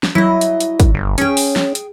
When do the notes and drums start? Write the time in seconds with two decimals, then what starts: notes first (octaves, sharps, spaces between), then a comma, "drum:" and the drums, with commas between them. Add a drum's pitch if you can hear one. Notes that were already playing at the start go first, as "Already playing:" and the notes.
0.03 drum: snare
0.15 F#3 E4 D#5
0.41 drum: hi-hat
0.60 drum: hi-hat
0.80 drum: kick, hi-hat
0.95 G1
1.18 C#4 G#4 G5, drum: hi-hat
1.37 drum: open hi-hat
1.56 drum: snare
1.75 drum: hi-hat